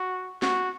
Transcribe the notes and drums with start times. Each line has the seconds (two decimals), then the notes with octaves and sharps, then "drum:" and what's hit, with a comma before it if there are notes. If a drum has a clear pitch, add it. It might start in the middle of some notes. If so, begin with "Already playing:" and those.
Already playing: F#4
0.42 F#4, drum: snare